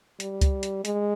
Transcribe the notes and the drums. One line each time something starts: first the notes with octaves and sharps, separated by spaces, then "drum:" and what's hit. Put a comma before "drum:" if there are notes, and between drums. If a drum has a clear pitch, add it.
G3, drum: hi-hat
drum: kick C#2, hi-hat
drum: hi-hat
G#3, drum: hi-hat